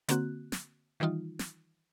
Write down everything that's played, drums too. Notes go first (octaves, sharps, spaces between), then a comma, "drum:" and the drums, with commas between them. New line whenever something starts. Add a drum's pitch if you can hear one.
D3 A#3 C4 F#4 F#6, drum: hi-hat
drum: snare
D#3 E3 G3 D#4 F4
drum: snare